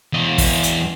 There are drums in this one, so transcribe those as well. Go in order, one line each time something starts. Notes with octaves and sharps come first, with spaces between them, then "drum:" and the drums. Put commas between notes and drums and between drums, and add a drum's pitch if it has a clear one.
E2 D#5
drum: kick, open hi-hat
drum: hi-hat